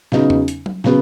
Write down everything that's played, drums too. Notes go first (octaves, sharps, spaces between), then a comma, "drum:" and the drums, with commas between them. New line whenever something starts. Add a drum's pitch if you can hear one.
C#3 F#3 B3 D#4, drum: snare
drum: tom E2
drum: hi-hat
drum: tom F#3
C#3 F#3 B3, drum: snare